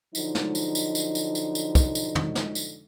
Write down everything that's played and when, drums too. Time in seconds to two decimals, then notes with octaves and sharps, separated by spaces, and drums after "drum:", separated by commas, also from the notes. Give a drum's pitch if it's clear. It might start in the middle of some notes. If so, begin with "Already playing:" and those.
0.15 D3 F3 F#3 D#4, drum: tambourine
0.35 drum: snare
0.55 drum: tambourine
0.75 drum: tambourine
0.95 drum: tambourine
1.15 drum: tambourine
1.35 drum: tambourine
1.55 drum: tambourine
1.75 drum: kick, tambourine
1.95 drum: tambourine
2.15 drum: tom
2.35 drum: snare
2.55 drum: tambourine